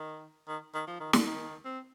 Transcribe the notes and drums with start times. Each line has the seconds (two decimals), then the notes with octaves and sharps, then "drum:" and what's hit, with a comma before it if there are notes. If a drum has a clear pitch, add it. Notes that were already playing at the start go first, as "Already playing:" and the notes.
Already playing: D#3
0.48 D#3
0.74 D#3
0.87 F3
1.00 D#3
1.13 D3, drum: snare
1.26 D#3
1.65 C4